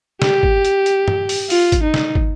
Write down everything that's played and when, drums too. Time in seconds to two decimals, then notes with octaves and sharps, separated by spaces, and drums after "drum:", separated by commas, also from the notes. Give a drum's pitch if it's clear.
0.22 G4, drum: snare
0.43 drum: kick
0.65 drum: hi-hat
0.86 drum: hi-hat
1.08 drum: tom
1.29 drum: open hi-hat
1.50 F4, drum: open hi-hat
1.72 drum: kick, hi-hat
1.83 D#4
1.94 drum: snare
2.15 drum: kick